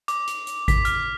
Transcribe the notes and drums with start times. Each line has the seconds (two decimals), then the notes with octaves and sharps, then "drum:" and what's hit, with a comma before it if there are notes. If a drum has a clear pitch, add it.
0.08 D6, drum: hi-hat
0.27 drum: hi-hat
0.47 drum: hi-hat
0.68 B6, drum: kick G#1, hi-hat
0.85 F6, drum: hi-hat